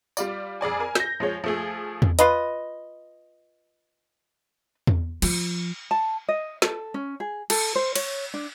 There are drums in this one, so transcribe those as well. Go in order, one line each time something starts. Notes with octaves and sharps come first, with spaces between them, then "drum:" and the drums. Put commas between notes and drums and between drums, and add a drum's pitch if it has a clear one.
G3 F4 D5, drum: tambourine
F2 G#4 D5 G#5
A#4 G#5
G6 A#6, drum: snare
F3 G#3 C#5
F3 A3 G#4
drum: tom E2
F4 B4 D#5, drum: hi-hat
drum: tom E2
F3, drum: cymbal
A5
D#5
A4, drum: snare
C#4
G#4
A4, drum: cymbal
C5
C#5, drum: cymbal
D4